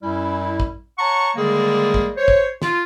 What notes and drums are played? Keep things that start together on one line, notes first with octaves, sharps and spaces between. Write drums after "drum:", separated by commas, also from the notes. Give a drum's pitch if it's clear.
F#2 G3 C#4 E4
drum: kick
C#5 F#5 A5 A#5 C#6
D3 D#3 G3 G#3 A#3 G#4
drum: kick
C5 C#5
drum: kick
F4, drum: snare